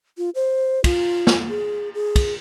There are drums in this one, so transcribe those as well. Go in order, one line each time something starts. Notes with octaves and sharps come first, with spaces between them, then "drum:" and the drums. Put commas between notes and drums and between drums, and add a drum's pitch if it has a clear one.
F4
C5
F4, drum: kick, cymbal
drum: snare
G#4
G#4
drum: kick, cymbal